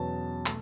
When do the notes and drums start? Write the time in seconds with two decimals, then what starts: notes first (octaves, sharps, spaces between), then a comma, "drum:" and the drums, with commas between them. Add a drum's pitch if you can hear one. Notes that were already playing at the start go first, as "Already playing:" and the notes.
Already playing: E2 B2 F#3 C#4 A5
0.46 B2 A3, drum: clap